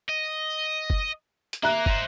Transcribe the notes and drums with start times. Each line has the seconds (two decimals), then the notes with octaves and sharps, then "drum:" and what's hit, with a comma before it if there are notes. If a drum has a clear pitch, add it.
0.09 D#5
0.90 drum: kick
1.53 drum: hi-hat
1.63 A#3 E5 A#5 F#6
1.86 D#4 C5, drum: kick